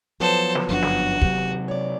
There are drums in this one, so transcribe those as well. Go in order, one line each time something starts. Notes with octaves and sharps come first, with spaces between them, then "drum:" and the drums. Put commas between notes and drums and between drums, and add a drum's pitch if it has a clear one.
F3 F#3 B3 A4 C5
drum: snare
G1 F#2 D4 F#4
drum: snare
D#2 C3 F#3 G4, drum: kick
C#5 D5